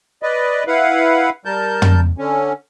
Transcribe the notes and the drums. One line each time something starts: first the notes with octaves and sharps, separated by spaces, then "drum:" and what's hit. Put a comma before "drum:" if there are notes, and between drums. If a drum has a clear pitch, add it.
B4 D5 D#5
E4 B4 F5 F#5
G3 A#4 A5 G6
drum: tom
D3 C#4